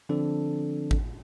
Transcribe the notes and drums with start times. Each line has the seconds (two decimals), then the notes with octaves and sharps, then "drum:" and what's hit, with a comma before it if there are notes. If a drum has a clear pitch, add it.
0.09 D3 F3 C4 D4 A4
0.91 drum: kick G#1